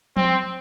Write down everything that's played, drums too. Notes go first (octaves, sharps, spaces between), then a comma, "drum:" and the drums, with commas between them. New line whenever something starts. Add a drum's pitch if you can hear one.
C4, drum: tom F3